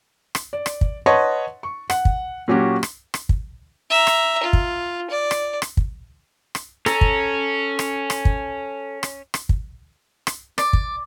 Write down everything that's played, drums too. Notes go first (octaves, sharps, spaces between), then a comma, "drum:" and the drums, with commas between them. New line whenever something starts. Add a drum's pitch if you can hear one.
drum: rim click
D5
drum: rim click
drum: kick
B4 C#5 D#5 F#5 A5 C6
C#6
F#5, drum: rim click
drum: kick
A#2 F#3 C#4 F#4 G4
drum: rim click
drum: rim click
drum: kick
E5 A#5
drum: rim click
F4
drum: kick
D5
drum: rim click
drum: rim click
drum: kick
drum: rim click
C#4 A4 A#5, drum: rim click
drum: kick
drum: rim click
drum: rim click
drum: kick
drum: rim click
drum: rim click
drum: kick
drum: rim click
D5, drum: rim click
drum: kick